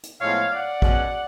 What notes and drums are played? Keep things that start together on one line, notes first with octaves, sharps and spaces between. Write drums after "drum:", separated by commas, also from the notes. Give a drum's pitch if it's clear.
drum: hi-hat
A2 F3 G#3 B3 C#5 F5
D5 F#5
B2 G#3 C#4, drum: kick